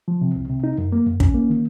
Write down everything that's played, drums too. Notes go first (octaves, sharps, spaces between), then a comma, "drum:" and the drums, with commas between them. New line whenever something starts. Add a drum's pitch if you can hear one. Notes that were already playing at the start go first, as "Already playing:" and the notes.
F3
C3
C2
C3
D#4
F#2
A#3
F#2
C#4, drum: kick
A#3
D#3